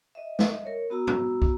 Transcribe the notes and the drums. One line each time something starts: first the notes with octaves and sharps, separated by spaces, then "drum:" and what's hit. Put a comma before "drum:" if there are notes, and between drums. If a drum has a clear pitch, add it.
D#5 E5
drum: snare
A#4 C#5
B3 F#4 A#5 E6
drum: tom
drum: kick